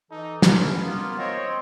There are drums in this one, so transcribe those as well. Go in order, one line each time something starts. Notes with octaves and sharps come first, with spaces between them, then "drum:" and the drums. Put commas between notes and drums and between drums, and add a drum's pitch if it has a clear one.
E3 D#4 A4
C#4 B4, drum: snare
A#3 B3 F4
C4 C#5 D#5